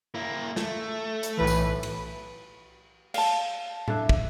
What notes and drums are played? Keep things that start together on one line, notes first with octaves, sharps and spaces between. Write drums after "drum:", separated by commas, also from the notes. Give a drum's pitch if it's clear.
A#3 E4
A3, drum: snare
drum: hi-hat
B1 A2 E3 B4
drum: tambourine
drum: cymbal
F5 A5, drum: cymbal
D4 E4 A4 E5, drum: tom A2
drum: kick